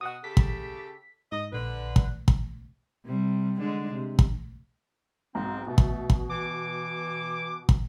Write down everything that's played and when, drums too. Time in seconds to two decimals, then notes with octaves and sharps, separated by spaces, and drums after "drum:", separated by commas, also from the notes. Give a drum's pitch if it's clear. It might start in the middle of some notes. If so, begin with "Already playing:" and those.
0.01 B2 F#4 F#5 D#6
0.24 C#3 G4 A4 B6
0.37 drum: kick
1.32 G#2 D#5
1.53 A#1 D3 B4
1.96 drum: kick
2.28 drum: kick
3.06 C3 G3
3.59 D3 G#3 D4
3.93 C3
4.19 drum: kick
5.35 B1 G#2 C4 A#5
5.67 B2 A3
5.78 drum: kick
6.10 drum: kick
6.30 E3 D6
7.69 drum: kick